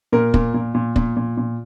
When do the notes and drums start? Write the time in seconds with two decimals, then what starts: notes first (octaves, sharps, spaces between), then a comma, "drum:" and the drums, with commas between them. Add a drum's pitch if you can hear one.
0.12 A#2 A#4
0.34 A#2, drum: kick
0.54 A#2
0.75 A#2
0.96 A#2, drum: kick
1.17 A#2
1.37 A#2